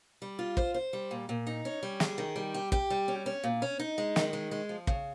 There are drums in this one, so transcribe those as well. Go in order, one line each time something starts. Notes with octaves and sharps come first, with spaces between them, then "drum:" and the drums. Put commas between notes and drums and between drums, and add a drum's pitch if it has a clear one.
G3
F4
C5, drum: kick
C5
G3
A#2
A#2
D#4
C#4
G3
G#4, drum: snare
D#3
G3
G4
G4, drum: kick
G3
C#4
C#4
A#2
C#4
D#4
G#3
D#3, drum: snare
G#3
G#3
F3
C#3, drum: kick